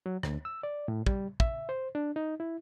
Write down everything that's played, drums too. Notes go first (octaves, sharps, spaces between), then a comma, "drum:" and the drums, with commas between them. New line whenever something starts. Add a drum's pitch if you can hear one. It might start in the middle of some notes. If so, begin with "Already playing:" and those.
F#3
D2, drum: rim click
E6
D5
A2
G3, drum: kick
E5, drum: kick
C5
D4
D#4
E4